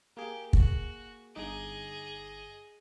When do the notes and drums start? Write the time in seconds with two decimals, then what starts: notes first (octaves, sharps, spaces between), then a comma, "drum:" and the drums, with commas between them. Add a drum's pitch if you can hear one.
0.17 A#3 G4 G#4
0.53 F#4, drum: kick
1.35 G1 D#4 G#4 D#5 D6